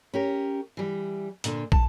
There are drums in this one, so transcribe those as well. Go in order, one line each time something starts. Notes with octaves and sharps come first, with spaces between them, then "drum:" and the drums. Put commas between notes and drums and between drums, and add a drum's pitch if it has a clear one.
C#4 G4 A#4
E3 G3
A#2 D3, drum: hi-hat
A5, drum: kick